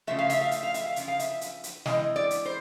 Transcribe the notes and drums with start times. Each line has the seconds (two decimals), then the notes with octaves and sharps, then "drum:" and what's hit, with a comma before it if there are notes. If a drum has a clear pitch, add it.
0.07 C#3 F3 A3 E5
0.19 F5
0.30 E5, drum: hi-hat
0.41 F5
0.51 E5, drum: hi-hat
0.63 F5
0.74 E5, drum: hi-hat
0.86 F5
0.96 C#3 F3, drum: hi-hat
1.08 F5
1.19 E5, drum: hi-hat
1.41 drum: hi-hat
1.64 drum: hi-hat
1.86 E3 G#3 C4 D#5, drum: snare
2.16 D5
2.31 drum: hi-hat
2.46 C5